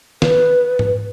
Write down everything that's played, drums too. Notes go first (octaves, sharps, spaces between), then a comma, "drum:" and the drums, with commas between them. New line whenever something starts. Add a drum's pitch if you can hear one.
B4, drum: snare
drum: tom G#2